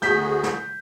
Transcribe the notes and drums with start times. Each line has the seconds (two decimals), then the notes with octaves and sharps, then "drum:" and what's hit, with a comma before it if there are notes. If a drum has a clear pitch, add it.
0.02 D2 F#4 G#4 G6 B6, drum: snare
0.43 drum: snare